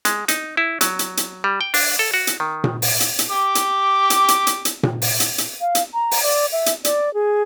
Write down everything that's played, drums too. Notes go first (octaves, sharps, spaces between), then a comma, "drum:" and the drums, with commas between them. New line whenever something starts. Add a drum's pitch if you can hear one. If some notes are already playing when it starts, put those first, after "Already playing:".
G#3, drum: hi-hat
D#4, drum: hi-hat
E4
F#3, drum: hi-hat
drum: hi-hat
drum: hi-hat
G3
G5
D4, drum: open hi-hat
A4
F#4
drum: hi-hat
D#3
drum: tom A#2
drum: open hi-hat
drum: hi-hat
drum: hi-hat
G4 D6
drum: hi-hat
drum: hi-hat
drum: hi-hat
drum: hi-hat
drum: hi-hat
drum: tom A#2
drum: open hi-hat
drum: hi-hat
drum: hi-hat
F5
drum: hi-hat
A#5
drum: open hi-hat
D5
E5
drum: hi-hat
D5, drum: hi-hat
G#4